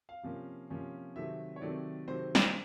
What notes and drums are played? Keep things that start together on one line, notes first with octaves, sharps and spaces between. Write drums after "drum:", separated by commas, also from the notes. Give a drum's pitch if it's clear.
F5
C3 F3 A#3 C#4
C3 F3 A#3 C#4
C3 D#3 F#3 A3 C4 E5
C#5
C3 D#3 F#3 A3 C4 D5
C3 D#3 F#3 A3 C4 C5
drum: snare